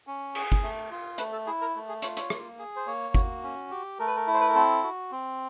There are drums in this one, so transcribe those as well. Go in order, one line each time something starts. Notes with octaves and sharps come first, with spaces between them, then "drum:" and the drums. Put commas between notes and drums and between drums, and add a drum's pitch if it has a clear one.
C#4
G#4, drum: cymbal
drum: kick G1
A3
F4
A3 B4, drum: hi-hat
A4
E4 G#4
A#4
A3
G#4
F4 C#5, drum: hi-hat
C#5, drum: hi-hat
A#3, drum: rim click
G#4
C5
A#3 C#5
F#4, drum: kick G1
C#4
G4
A3 A#4
B4
A#4
E4
C5
B4
A#4
C4 A4
F#4
C4